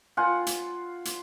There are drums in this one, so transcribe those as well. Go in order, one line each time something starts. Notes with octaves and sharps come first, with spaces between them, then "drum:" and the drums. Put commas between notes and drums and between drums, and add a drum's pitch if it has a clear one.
F4 F#5 G#5
drum: hi-hat
drum: hi-hat